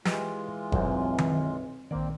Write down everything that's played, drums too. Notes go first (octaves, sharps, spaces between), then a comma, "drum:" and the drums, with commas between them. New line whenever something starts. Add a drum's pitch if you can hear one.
E3 G#3 F4 G4 B4 D#5, drum: snare
B1 F#2 F#3 C4, drum: kick F#1
drum: tom D#3
A#1 D#3 A#3 C4 D5